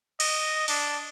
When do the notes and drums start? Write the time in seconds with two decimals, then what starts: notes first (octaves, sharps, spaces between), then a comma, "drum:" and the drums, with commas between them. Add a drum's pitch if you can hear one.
0.20 D#5, drum: cymbal
0.68 D4, drum: open hi-hat